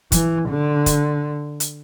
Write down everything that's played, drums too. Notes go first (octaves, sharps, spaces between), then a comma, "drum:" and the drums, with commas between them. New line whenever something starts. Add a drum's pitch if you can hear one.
E3, drum: kick, hi-hat
D3
drum: kick, hi-hat
drum: hi-hat